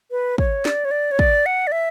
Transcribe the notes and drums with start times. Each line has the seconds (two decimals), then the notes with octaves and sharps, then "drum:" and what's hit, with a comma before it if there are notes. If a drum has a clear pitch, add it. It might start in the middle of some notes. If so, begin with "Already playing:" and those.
0.11 B4
0.38 C#5, drum: kick
0.65 D5, drum: snare
0.85 C#5
0.91 D5
1.11 C#5
1.19 D5, drum: kick
1.46 F#5
1.67 D5
1.72 E5